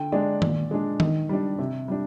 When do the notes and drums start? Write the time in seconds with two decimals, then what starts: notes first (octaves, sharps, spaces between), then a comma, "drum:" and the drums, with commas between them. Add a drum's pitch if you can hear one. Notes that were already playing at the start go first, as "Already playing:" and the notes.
Already playing: D3 G5
0.12 G#3 D4 D5
0.42 A#2, drum: tom D#3
0.71 G#3 D4
1.00 D#3 D#5, drum: tom D#3
1.29 G3 D4
1.59 C3
1.88 G3 D4